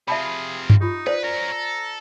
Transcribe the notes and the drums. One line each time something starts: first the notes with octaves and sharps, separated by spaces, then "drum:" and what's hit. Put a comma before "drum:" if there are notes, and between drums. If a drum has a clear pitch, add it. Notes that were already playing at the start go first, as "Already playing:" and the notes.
C3 F4 G#4 E5 A5 B5
drum: tom G2
D#4 F4 G4
B4 C5 D5
C#4 A#4 A#5
A4